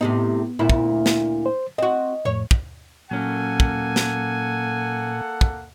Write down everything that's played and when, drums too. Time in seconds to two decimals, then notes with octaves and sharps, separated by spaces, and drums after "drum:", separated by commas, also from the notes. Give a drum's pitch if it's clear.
0.01 A2 C3 B3 D#4
0.59 D2 A#2 E4
0.70 drum: kick
1.06 drum: snare
1.46 C5
1.78 C4 F#4 D#5
2.25 F2 A2 C#5
2.51 drum: kick
3.11 A#2 F#3 A#3 C#4 A4 F#5 G#5
3.60 drum: kick
3.96 drum: snare
5.41 drum: kick